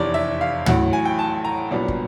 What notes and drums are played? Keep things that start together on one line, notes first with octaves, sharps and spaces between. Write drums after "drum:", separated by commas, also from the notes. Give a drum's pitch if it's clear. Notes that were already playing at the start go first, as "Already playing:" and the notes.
Already playing: F1 E2 C3 C#5 D5
E5
F5
A1 A2 F#3 F#5, drum: tom
G#5
G5
A5
A#5
C2 A#2 F#3 B3 D4
drum: kick